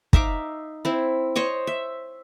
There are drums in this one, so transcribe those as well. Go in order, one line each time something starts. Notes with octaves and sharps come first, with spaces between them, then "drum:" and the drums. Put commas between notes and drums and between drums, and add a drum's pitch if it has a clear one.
D#4 E5 F5 D6, drum: kick
C4 E4
C5 C#5 D#5 C#6
E5